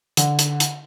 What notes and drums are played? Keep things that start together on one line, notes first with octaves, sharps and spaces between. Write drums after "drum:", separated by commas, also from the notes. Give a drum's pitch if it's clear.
D3, drum: hi-hat
drum: hi-hat
drum: hi-hat